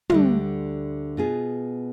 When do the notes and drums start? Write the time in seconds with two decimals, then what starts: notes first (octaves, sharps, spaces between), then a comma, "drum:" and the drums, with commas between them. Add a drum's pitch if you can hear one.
0.10 D2 D3 G3, drum: tom
1.17 B2 B3 F4 G#4